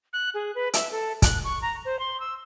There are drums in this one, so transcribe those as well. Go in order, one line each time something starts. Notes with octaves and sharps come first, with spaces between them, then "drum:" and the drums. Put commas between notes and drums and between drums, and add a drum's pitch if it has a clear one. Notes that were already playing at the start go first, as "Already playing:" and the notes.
F#6
G#4
B4
E5, drum: hi-hat
A4
F#6, drum: kick, hi-hat
C#6
A#5
C5
C6
E6